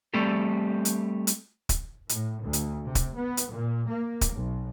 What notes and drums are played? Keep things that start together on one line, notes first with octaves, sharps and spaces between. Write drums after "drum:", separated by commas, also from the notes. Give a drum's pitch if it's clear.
G3 A3 C4 G4 A4
drum: hi-hat
drum: hi-hat
drum: kick, hi-hat
A2, drum: hi-hat
D2
drum: hi-hat
C3
drum: kick, hi-hat
B3
drum: hi-hat
A#2
A#3
drum: kick, hi-hat
B1